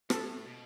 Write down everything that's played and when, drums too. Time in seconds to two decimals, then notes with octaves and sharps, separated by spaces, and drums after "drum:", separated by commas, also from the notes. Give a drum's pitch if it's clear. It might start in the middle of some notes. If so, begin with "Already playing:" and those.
0.10 A2 A4, drum: rim click
0.46 B2